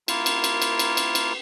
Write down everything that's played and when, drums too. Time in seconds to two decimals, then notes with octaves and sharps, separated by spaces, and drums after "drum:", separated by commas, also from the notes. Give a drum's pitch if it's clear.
0.08 A#3 E4 F4 A#4, drum: cymbal
0.26 drum: cymbal
0.44 drum: cymbal
0.62 drum: cymbal
0.79 drum: cymbal
0.97 drum: cymbal
1.15 drum: cymbal